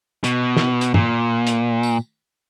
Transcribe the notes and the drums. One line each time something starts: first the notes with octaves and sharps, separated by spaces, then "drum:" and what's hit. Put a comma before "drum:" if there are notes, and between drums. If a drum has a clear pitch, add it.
B2, drum: hi-hat
drum: snare
drum: hi-hat
A#2, drum: tom
drum: hi-hat
drum: tambourine